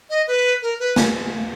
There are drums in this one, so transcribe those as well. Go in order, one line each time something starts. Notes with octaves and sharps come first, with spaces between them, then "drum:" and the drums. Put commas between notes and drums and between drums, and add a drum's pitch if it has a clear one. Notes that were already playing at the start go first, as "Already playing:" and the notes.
D#5
B4
A#4
B4
drum: snare